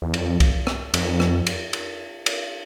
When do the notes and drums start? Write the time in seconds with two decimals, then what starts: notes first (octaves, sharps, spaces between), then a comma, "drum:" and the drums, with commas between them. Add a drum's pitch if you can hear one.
0.02 E2
0.14 F2, drum: cymbal
0.40 drum: kick C2, cymbal
0.67 drum: rim click
0.94 F2, drum: cymbal
1.20 drum: rim click
1.47 drum: cymbal
1.73 drum: cymbal
2.26 drum: cymbal